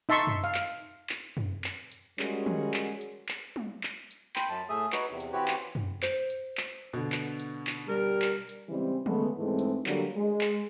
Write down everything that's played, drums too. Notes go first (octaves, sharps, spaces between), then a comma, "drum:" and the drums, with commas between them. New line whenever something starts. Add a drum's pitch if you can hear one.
D#4 E5 A5 C6 C#6
drum: tom
F5
drum: clap
drum: clap
drum: tom
drum: clap
drum: hi-hat
G3 G#3 C#4 F#4 G#4 A#4, drum: clap
drum: tom
drum: clap
drum: hi-hat
drum: clap
drum: tom
drum: clap
drum: hi-hat
G5 B5 C6, drum: clap
F#2 A5
A2 A3 G#4 E5 D#6
D#4 F#4 B4 C#5, drum: clap
E2 C3
drum: hi-hat
E3 C4 F#4 G4 B4 C#5
drum: clap
drum: tom
C5, drum: clap
drum: hi-hat
drum: clap
B2 D3
drum: clap
drum: hi-hat
drum: clap
G3 A#4
drum: clap
drum: hi-hat
C#3 E3 G3 G#3 C4
C#3 G#3 A3 B3, drum: tom
G#2 E3 G#3 A3 C4
drum: hi-hat
D3 F#3 G3 A#3, drum: clap
G#3
drum: clap